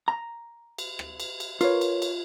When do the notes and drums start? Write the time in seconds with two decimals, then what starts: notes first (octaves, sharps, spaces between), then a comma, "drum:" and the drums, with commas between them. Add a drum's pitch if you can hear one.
0.08 A#5
0.78 drum: cymbal
0.99 drum: rim click
1.20 drum: cymbal
1.40 drum: cymbal
1.61 F4 A#4 B4 C#5, drum: cymbal
1.81 drum: cymbal
2.02 drum: cymbal